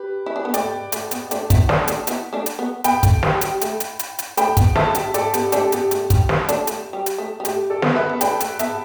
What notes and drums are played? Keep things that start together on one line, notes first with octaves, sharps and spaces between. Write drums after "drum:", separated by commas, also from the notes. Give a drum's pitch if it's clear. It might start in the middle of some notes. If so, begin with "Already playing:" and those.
Already playing: G4 B4
E4
D4
B3
A3 D5 G5, drum: hi-hat
A3, drum: hi-hat
B3, drum: hi-hat
A3 D4, drum: hi-hat
B3 E4, drum: kick, hi-hat
A3 D4, drum: snare
A3 D4, drum: hi-hat
B3 E4, drum: hi-hat
A3 D4
drum: hi-hat
B3
B3 G5 B5, drum: hi-hat
A3, drum: kick, hi-hat
G3, drum: snare
G3, drum: hi-hat
A3, drum: hi-hat
drum: hi-hat
drum: hi-hat
drum: hi-hat
A3 D4 G5 B5, drum: hi-hat
B3, drum: kick, hi-hat
A3 E5 A5, drum: snare
G3, drum: hi-hat
A3 A4 D5, drum: hi-hat
B3 G4, drum: hi-hat
A3 D4 G4, drum: hi-hat
B3 G4, drum: hi-hat
A3, drum: hi-hat
G3, drum: kick, hi-hat
A3, drum: snare
A3 D4, drum: hi-hat
A3, drum: hi-hat
G3
drum: hi-hat
A3
G3
A3 G4, drum: hi-hat
A4 D5
B3, drum: snare
B4 E5
B3
A3 D4 G5 B5, drum: hi-hat
A3, drum: hi-hat
B3 E5 A5, drum: hi-hat